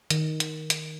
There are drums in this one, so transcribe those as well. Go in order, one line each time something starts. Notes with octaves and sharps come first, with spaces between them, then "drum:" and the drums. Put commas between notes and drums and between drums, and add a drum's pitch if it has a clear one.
D#3, drum: hi-hat
drum: hi-hat
drum: hi-hat